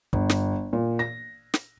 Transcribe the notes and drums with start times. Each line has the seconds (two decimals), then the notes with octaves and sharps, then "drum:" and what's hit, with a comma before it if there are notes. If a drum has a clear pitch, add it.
0.13 G1, drum: kick
0.30 drum: snare
0.73 A#2
0.99 A#6
1.54 drum: snare